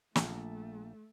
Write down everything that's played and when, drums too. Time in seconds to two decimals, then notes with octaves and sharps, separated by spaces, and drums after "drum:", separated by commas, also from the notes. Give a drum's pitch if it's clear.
0.16 A#1 A3, drum: snare